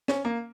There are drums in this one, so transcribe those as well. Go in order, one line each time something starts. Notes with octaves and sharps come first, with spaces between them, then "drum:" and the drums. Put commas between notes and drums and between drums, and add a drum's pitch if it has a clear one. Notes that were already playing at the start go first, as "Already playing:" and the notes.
C#4, drum: snare
A#3